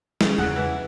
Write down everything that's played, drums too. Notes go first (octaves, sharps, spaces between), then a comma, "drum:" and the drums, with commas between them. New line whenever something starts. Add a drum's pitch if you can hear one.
C#3, drum: snare
E2 C#3 F#5
E3